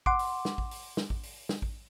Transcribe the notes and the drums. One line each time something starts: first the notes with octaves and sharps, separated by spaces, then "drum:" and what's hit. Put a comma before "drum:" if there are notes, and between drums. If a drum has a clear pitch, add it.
F#5 C6 D6, drum: kick A1
drum: open hi-hat
drum: snare
drum: kick A1
drum: open hi-hat
drum: snare
drum: kick A1
drum: open hi-hat
drum: snare
drum: kick A1